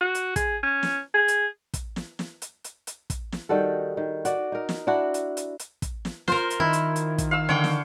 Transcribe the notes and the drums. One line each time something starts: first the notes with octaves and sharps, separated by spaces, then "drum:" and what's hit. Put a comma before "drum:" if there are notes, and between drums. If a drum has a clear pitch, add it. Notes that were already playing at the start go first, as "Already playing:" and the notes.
F#4
drum: hi-hat
G#4, drum: kick, hi-hat
C#4
drum: snare
G#4
drum: hi-hat
drum: kick, hi-hat
drum: snare
drum: snare
drum: hi-hat
drum: hi-hat
drum: hi-hat
drum: kick, hi-hat
drum: snare
D#3 G3 F#4 A4
D#3
F#4 D5, drum: hi-hat
D#4 A#4
drum: snare
D4 E4 F#4
drum: hi-hat
drum: hi-hat
drum: hi-hat
drum: kick, hi-hat
drum: snare
F4 A#4 C5, drum: snare
drum: hi-hat
D#3 E4
drum: hi-hat
drum: hi-hat
drum: kick, hi-hat
F5 E6
D3 C#5 F5 G5
drum: snare